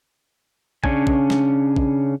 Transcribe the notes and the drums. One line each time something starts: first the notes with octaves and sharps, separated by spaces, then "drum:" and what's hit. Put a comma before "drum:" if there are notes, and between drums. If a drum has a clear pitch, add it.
C#3 C#4 D4 G#5, drum: kick
drum: kick
drum: snare
drum: kick